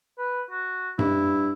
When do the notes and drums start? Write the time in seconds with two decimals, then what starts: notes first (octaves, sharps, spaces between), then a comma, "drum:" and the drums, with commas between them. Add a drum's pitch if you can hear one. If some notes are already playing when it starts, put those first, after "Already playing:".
0.18 B4
0.50 F#4
0.99 G2 E4, drum: tom F#2